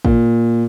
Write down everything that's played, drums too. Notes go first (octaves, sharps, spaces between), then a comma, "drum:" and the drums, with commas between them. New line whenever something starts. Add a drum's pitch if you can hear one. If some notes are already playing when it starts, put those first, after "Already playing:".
A#2, drum: kick